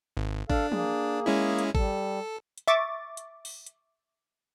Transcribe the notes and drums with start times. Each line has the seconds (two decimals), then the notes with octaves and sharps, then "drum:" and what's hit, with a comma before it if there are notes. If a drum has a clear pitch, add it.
0.17 G#1
0.50 D4 A4 F5, drum: kick G#1
0.72 A#3 G#4, drum: tom
1.26 G#3 C#4 E4
1.59 drum: hi-hat
1.75 G3 A4, drum: kick G#1
2.58 drum: hi-hat
2.68 E5 C#6 D6 A6
3.17 drum: hi-hat
3.45 drum: open hi-hat
3.66 drum: hi-hat